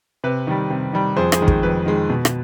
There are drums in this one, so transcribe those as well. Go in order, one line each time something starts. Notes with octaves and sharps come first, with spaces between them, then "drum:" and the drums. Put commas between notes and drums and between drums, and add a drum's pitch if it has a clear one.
C3 B4
D#3 G3
C3
D#3 G3
F2 G#4 C5
G#4, drum: rim click
D#3 G#3
G#4, drum: kick
F2 B4
D#3 G#3
B2
drum: rim click